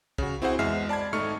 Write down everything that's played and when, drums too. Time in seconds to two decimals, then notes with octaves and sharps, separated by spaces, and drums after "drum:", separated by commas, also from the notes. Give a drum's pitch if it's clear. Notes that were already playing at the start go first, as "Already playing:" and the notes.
0.18 C#3 F#4, drum: kick C2
0.42 C4 E4 F#4 G#4 C5 F#5
0.59 E2 G#3 E5 F6 C7, drum: tom F2
0.89 D5 A5 B5 G#6
1.13 G#1 A3 D#4 C#6 F6 C#7